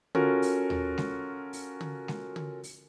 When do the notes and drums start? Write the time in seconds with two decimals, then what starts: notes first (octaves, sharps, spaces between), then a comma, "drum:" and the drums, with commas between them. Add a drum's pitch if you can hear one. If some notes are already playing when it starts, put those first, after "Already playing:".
0.15 C#4 F4 F#4 A4 A#4, drum: tom
0.42 drum: open hi-hat
0.70 drum: tom D#2
0.98 drum: snare G#3
1.53 drum: open hi-hat
1.81 drum: tom
2.08 drum: snare G#3
2.36 drum: tom
2.64 drum: open hi-hat